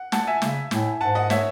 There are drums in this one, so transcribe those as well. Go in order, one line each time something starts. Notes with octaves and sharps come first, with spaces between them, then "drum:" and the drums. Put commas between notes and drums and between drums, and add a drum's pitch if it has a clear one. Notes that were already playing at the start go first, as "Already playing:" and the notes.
Already playing: F#5
F#5 A5, drum: snare
E5 G#5
C#3, drum: snare
A2, drum: snare
G#2 F#5 A5
D#5 F#5
C#5 E5, drum: snare